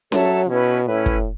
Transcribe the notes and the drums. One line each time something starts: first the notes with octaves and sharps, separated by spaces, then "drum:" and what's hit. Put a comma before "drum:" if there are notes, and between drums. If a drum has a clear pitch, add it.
F#3 A4 C#5 E5 A5, drum: snare C#4
B2 C#4 E4 B4
A2 C#4 E4 B4
drum: kick